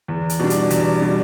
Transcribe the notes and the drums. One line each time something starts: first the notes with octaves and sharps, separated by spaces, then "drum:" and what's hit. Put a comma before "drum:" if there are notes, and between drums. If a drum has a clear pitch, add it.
E2
drum: hi-hat
B2 G3 D4
drum: hi-hat
E2, drum: hi-hat
B2 G3 D4